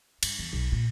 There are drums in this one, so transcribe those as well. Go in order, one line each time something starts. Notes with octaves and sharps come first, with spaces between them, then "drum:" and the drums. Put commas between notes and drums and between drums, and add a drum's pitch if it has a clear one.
G2, drum: cymbal
E2
B1
A#2